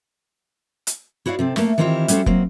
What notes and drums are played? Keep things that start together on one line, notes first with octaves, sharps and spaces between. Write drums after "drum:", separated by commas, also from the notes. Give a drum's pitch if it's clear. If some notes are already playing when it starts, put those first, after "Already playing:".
drum: hi-hat
E4 F#4 C#5 D5 E5 F5
C3 C4 A4
A3 A#3, drum: snare
D#3 E3 C4 E4 F4 G4
G3 C#4 F#4 G#4 A4 C5, drum: hi-hat
F#3 A#3 C4, drum: kick F1